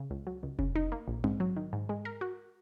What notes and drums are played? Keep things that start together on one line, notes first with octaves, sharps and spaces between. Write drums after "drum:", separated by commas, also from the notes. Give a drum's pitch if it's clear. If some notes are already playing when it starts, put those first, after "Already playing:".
Already playing: C#3
C#2
F#3
C#2
C#3, drum: kick F1
D#4
A#3
A#1
G#2, drum: tom C4
F#3
D#3
G#2
G#3
A#4
F#4